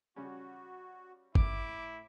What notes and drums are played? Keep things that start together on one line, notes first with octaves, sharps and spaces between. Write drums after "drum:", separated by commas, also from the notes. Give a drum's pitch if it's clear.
C#3 G3 C#4 F#4
A2 E4 D6, drum: kick G1